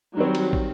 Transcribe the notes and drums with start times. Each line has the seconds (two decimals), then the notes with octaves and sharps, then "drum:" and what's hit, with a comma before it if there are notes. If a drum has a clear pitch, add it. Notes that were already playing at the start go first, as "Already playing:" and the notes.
0.16 D#3 F#3 G3 C4
0.35 drum: cymbal
0.53 drum: kick